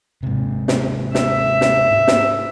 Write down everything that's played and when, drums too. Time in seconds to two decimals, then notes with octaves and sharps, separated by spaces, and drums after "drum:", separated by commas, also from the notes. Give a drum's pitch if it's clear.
0.23 G#2 C3
0.68 drum: snare
1.15 E5, drum: snare
1.61 drum: snare
2.08 drum: snare